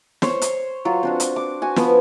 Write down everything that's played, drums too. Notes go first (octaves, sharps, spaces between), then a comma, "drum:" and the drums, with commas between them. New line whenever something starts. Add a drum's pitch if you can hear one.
C5 C#5, drum: snare
drum: hi-hat
F#3 F4
C4 D4 F#4
drum: hi-hat
D6
F#4 G#5
F3 B3, drum: snare